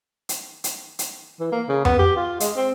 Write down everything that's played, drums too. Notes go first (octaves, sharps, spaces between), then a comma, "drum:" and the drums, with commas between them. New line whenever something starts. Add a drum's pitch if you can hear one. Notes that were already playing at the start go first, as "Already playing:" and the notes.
drum: hi-hat
drum: hi-hat
drum: hi-hat
E3
A#3
C#3
B3, drum: tom F2
G4
F4
G#3, drum: hi-hat
C4